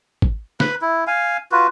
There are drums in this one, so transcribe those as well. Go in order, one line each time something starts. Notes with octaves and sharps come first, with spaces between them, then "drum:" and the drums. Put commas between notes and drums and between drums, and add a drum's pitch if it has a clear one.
drum: kick
B4 B5, drum: snare
E4
F5 G#5
F4 F#4 B4